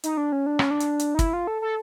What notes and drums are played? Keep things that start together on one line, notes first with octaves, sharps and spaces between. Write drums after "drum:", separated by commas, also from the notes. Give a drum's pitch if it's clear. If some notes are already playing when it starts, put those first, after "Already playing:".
D#4, drum: hi-hat
D4
C#4
D4
C#4, drum: rim click
D4
drum: hi-hat
drum: hi-hat
D#4
E4, drum: kick, hi-hat
F4
A4
A4